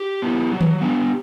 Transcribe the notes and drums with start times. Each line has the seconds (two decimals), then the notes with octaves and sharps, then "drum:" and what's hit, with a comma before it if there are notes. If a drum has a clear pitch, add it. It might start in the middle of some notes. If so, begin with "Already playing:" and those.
Already playing: G4
0.22 B3 E4
0.51 F#3
0.61 drum: tom D#3
0.81 B3 D4